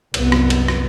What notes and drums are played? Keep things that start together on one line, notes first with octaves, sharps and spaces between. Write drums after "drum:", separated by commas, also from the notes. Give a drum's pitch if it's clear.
C2 F#2 B3, drum: cymbal
drum: rim click
drum: cymbal
drum: rim click